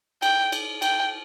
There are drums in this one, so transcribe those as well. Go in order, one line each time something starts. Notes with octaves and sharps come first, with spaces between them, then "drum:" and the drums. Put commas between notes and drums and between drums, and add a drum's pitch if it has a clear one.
G5, drum: cymbal
drum: cymbal
G5, drum: cymbal